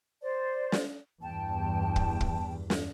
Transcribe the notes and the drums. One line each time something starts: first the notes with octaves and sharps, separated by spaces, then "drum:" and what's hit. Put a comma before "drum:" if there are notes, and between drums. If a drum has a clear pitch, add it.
C5 D5
drum: snare
E2 G2 G5 A5
drum: kick
drum: kick
drum: snare